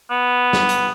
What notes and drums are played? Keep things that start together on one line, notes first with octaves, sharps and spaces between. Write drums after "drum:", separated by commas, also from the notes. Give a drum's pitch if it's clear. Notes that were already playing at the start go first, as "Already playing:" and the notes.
B3
drum: snare
drum: hi-hat